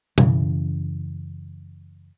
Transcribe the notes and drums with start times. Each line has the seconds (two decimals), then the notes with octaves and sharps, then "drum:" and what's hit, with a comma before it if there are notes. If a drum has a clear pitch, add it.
0.18 F#2 C#3 E3, drum: tom B2